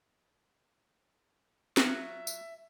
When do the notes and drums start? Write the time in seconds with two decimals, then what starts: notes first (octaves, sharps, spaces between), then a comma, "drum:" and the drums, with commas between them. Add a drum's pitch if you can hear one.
1.77 F#3 F4 F#4 E5, drum: snare
2.27 drum: tambourine